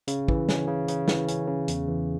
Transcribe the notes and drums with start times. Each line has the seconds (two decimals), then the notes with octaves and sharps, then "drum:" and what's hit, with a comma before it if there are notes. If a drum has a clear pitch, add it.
0.08 C#3, drum: hi-hat
0.28 E3, drum: kick
0.49 C#4, drum: snare
0.68 C#3
0.88 C#3, drum: hi-hat
1.08 E3, drum: snare
1.28 C#4, drum: hi-hat
1.48 C#3
1.68 E2, drum: hi-hat
1.88 E3